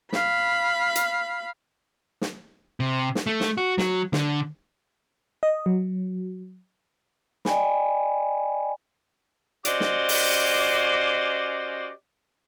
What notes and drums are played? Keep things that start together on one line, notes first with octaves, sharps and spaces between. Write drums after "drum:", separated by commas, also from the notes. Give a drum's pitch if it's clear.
F5 B5, drum: snare
drum: hi-hat
drum: snare
C3
drum: snare
A3
drum: snare
F#4
F#3, drum: snare
D3, drum: snare
D#5
F#3
D5 D#5 G5 G#5 B5, drum: snare
C#4 F#4 G4 C5 D5 D#5, drum: hi-hat
drum: snare
drum: open hi-hat